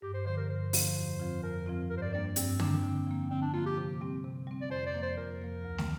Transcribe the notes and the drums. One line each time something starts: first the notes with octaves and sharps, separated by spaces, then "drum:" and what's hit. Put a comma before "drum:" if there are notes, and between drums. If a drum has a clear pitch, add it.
G2 G4
C5
D3 F3 C5
A#4
G2 C5
D3 F3, drum: open hi-hat
F2
F3 C4 F4
F2 A#4
F3 C4 F4
G2 A#4
C5
D5
G3 A#3 D4 D5
G2 C4, drum: hi-hat
G3 A#3 D4, drum: tom
D3
F3 A#3
D3 C4
D4
F3 A#3 F4
G4
C3
G3 C4
C3
G3 C4
D5
F2 C5
D5
F3 A#3
C5
F2 A#4
F3 A#3
D2
drum: snare